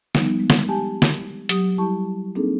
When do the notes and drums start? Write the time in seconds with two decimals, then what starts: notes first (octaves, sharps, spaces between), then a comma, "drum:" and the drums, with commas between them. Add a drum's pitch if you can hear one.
0.15 F3 G3 B3 D#4, drum: snare
0.40 G#3
0.50 drum: snare
0.69 G4 G#5 A5
1.02 drum: snare
1.49 F#3 G4 D#6, drum: hi-hat
1.78 G3 E4 G4 A5 C#6
2.35 A#3 C4 D4 D#4 G#4 A4